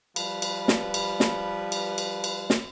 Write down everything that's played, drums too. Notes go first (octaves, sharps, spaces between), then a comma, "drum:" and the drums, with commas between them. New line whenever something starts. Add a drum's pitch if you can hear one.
F3 G3 B4, drum: cymbal
drum: cymbal
drum: snare
drum: cymbal
drum: snare
drum: cymbal
drum: cymbal
drum: cymbal
drum: snare